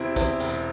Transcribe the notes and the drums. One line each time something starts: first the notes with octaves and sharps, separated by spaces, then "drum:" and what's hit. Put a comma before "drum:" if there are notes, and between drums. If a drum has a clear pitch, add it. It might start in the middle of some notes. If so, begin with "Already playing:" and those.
Already playing: E2 C3 C4 E4
E2 C4 E4, drum: kick, tambourine
E1, drum: tambourine